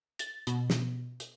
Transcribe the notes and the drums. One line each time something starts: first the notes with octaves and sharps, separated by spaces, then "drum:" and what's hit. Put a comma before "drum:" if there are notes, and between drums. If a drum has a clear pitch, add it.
A6, drum: hi-hat
B2, drum: hi-hat
drum: snare
drum: hi-hat